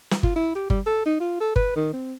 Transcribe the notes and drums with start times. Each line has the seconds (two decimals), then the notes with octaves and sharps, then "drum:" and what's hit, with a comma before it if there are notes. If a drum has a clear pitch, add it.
0.11 drum: snare
0.23 F4, drum: kick G1
0.36 E4
0.55 G4
0.70 G3, drum: kick G1
0.86 A4
1.06 D#4
1.20 F4
1.40 A4
1.56 B4, drum: kick G1
1.76 D#3
1.93 C4